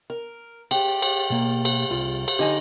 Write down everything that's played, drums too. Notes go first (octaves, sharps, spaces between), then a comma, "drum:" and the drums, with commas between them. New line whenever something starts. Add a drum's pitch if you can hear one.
A#4
G4, drum: cymbal
drum: cymbal
B2 A#3
drum: cymbal
C2 F4
drum: cymbal
D3 D#4 G4 D#5 G#5